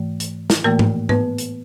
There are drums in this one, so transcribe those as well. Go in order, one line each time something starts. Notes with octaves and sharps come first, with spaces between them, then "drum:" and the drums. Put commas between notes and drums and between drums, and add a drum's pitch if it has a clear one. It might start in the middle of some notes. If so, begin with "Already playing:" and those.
Already playing: G#2 E3 A3
drum: hi-hat
drum: snare
A2 E3 A3 A#3 A#4
drum: tom G#2
B3 B4, drum: tom G#2
drum: hi-hat